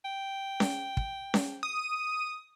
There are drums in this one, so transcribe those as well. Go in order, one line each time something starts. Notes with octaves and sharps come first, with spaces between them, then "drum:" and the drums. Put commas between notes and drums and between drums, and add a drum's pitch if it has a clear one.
G5
drum: snare C#4
drum: kick
drum: snare C#4
D#6